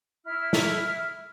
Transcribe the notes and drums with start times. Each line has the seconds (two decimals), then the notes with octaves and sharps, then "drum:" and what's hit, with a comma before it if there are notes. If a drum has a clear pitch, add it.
0.25 E4 F6
0.53 drum: snare